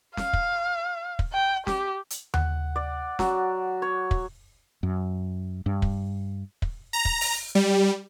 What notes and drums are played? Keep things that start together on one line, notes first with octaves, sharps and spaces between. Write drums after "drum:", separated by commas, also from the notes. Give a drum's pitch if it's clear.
F5, drum: snare
drum: kick
drum: kick
G5
G4, drum: snare
drum: hi-hat
F#5, drum: tom D#2
D5
F#3, drum: snare
C#5
drum: kick
F#2
G2
drum: kick
drum: kick
A#5
drum: kick
drum: open hi-hat
G3